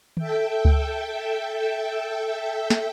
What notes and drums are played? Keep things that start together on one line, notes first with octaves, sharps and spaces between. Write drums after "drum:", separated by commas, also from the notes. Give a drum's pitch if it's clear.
A4 E5 G5, drum: tom D#3
drum: kick C#2
drum: snare